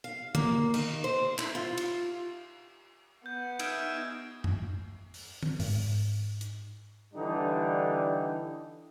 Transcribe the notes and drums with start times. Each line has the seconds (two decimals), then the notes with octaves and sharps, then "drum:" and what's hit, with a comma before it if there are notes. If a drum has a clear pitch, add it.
0.04 F5
0.35 A#3, drum: tom
0.74 D#3, drum: cymbal
1.04 C5
1.38 E4, drum: clap
1.55 F4
1.77 drum: cymbal
3.26 B3 G6
3.59 D#4 E5 G#5 F6 D7, drum: cymbal
4.44 drum: tom
5.14 drum: open hi-hat
5.43 drum: tom
5.60 G#2, drum: open hi-hat
6.41 drum: hi-hat
7.14 D3 E3 G3 D4 D#4